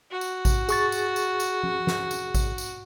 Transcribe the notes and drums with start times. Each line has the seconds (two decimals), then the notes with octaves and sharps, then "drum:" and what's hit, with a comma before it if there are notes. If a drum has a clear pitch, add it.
0.11 F#4
0.21 drum: tambourine
0.45 drum: kick A1, tambourine
0.69 G#4 C#6 A6, drum: tambourine
0.92 drum: tambourine
1.16 drum: tambourine
1.40 drum: tambourine
1.63 drum: tom F3
1.87 drum: snare
2.11 drum: tambourine
2.34 drum: kick A1, tambourine
2.58 drum: tambourine